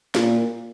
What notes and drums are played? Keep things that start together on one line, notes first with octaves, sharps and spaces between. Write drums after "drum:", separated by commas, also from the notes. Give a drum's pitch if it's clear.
A#2, drum: snare